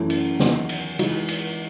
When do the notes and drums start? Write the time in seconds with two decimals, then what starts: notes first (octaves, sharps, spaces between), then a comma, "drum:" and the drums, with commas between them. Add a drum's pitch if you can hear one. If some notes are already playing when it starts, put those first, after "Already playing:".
Already playing: F#2 E3 A3 E4
0.10 drum: cymbal
0.39 E2 D#3 F#3, drum: snare
0.69 drum: cymbal
0.99 E3 G#3 D#4 F#4, drum: cymbal
1.28 drum: cymbal